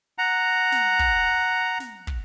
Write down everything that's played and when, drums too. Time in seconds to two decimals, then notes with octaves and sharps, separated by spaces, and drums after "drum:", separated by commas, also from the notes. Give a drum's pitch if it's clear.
0.18 F#5 A#5
0.72 drum: snare
0.99 drum: kick
1.80 drum: snare
2.07 drum: kick